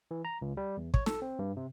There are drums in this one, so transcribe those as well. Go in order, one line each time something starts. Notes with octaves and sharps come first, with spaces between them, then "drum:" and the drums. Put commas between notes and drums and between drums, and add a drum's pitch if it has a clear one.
E3
A#5
C#2
G3
E2
C#5, drum: kick
A4, drum: snare
C4
G2
C3